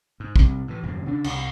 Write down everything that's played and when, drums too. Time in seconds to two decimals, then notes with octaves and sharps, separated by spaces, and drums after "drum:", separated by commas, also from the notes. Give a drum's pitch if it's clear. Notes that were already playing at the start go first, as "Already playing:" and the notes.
0.20 G#2
0.36 C2, drum: kick
0.68 A2 E3
0.83 D#1 F#2 A2 C#3
1.06 C#3 D4
1.24 C2, drum: cymbal